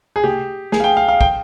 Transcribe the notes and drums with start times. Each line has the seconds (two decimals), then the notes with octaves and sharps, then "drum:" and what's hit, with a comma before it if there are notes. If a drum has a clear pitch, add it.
0.16 G#4
0.24 G4, drum: tom C3
0.72 G#4, drum: snare
0.80 F5
0.84 G5
0.97 F5
1.08 F5
1.21 G5, drum: kick